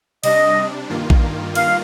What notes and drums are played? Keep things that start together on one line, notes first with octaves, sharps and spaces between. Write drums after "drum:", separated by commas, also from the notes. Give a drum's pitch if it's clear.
C3 G3 D4 D#5, drum: cymbal
G2 D#3 A#3 F4
drum: kick A#1
F5, drum: cymbal